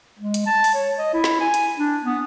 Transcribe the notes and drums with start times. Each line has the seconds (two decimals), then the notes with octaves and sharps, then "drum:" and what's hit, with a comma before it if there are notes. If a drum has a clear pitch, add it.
0.19 G#3
0.34 drum: hi-hat
0.46 A5
0.64 drum: open hi-hat
0.74 C#5
0.98 D#5
1.14 E4
1.24 drum: snare
1.41 G#5
1.54 drum: hi-hat
1.79 D4
2.05 B3